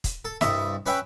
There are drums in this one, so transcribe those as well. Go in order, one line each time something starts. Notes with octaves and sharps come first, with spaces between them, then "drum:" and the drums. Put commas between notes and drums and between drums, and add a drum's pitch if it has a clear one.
drum: kick, hi-hat
A4
C2 G2 D#5 E5, drum: snare
C#4 B4 C#5 E5 G5